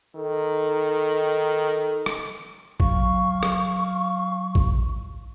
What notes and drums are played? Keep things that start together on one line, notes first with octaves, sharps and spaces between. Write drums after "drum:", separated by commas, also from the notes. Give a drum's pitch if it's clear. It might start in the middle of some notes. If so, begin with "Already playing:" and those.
D#3 A4
drum: rim click
F#3 F5 C#6, drum: kick A1
drum: rim click
drum: kick A1